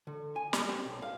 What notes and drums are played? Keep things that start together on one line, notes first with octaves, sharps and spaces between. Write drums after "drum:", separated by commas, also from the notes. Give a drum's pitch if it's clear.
D3
G#5
G3, drum: snare
C4
B1
F5